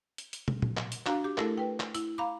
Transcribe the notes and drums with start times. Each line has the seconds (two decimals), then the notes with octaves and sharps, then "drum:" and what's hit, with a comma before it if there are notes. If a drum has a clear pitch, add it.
0.18 drum: hi-hat
0.33 drum: hi-hat
0.48 drum: tom
0.62 drum: tom A#2
0.77 drum: clap
0.92 drum: hi-hat
1.06 D4 F#4 F5 A#5, drum: clap
1.24 G4 D6
1.38 A3 E4 A4 A#4, drum: clap
1.58 B4 G5
1.80 drum: clap
1.95 E4, drum: hi-hat
2.18 F5 A#5 B5 D6